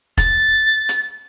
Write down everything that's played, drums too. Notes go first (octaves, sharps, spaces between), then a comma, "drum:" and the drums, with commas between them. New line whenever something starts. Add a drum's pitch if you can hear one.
A6, drum: kick F1, hi-hat
drum: hi-hat